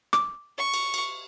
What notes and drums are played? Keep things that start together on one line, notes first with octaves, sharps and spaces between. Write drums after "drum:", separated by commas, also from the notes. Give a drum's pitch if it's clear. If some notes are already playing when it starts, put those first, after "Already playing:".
D6, drum: rim click
C#6
drum: cymbal
drum: cymbal